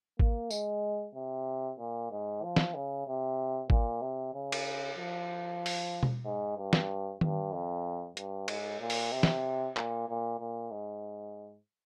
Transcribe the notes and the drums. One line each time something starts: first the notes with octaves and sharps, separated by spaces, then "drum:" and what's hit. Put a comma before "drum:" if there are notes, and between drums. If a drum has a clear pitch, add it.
A#3, drum: kick G#1
G#3, drum: tambourine
C3
A#2
G#2
F3
drum: snare
C#3
C3
A#2, drum: kick G#1
C3
C#3
drum: cymbal
F3
drum: open hi-hat
drum: tom B2
G#2
G2
drum: snare
G2, drum: tom D#3
F2
G2, drum: hi-hat
G#2, drum: cymbal
A#2
drum: open hi-hat
C3
drum: snare
A#2, drum: clap
A#2
A#2
G#2